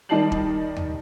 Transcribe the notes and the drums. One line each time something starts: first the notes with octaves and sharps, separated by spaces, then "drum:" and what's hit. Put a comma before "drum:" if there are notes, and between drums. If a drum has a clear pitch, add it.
D#3 G3 D#5 A5 C7 F#7
drum: kick
drum: tom